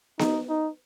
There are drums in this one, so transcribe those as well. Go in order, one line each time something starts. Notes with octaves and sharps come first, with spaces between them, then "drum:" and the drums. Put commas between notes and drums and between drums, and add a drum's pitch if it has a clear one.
D#4, drum: snare B3
D#4